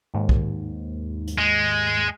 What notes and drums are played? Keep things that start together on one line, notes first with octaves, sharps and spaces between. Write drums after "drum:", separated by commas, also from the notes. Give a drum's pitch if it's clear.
D#2 G#2
drum: kick B1
drum: hi-hat
G#3